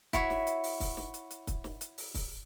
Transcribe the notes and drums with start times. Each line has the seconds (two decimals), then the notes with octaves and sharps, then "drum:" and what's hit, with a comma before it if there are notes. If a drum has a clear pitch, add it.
0.13 E4 F#4 C#5 E5, drum: kick, hi-hat
0.30 drum: snare
0.47 drum: hi-hat
0.64 drum: open hi-hat
0.80 drum: kick, open hi-hat
0.97 drum: snare
1.14 drum: hi-hat
1.31 drum: hi-hat
1.47 drum: kick, hi-hat
1.64 drum: snare
1.81 drum: hi-hat
1.98 drum: open hi-hat
2.14 drum: kick, open hi-hat